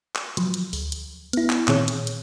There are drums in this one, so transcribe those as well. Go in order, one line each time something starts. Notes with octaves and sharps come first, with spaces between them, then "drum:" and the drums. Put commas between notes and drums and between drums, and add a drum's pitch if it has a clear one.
drum: clap
F3 F#3, drum: hi-hat
drum: hi-hat
D2, drum: open hi-hat
drum: hi-hat
B3 E4, drum: hi-hat
drum: clap
A#2 D#3 C4 G#4 C#5 F#6, drum: clap
drum: hi-hat
drum: hi-hat